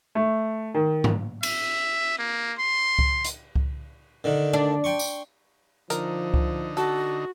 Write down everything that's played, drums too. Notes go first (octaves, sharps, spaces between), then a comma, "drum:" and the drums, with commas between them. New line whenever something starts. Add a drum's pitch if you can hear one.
A3
D#3
drum: tom G#2
E5, drum: cymbal
A#3
C6
drum: kick C#2
drum: hi-hat
drum: kick C#2
D3 D#3
D4
G5 C6 C#6
drum: tambourine
D3 F3 D#4 A#4, drum: hi-hat
drum: kick C#2
F#4 A4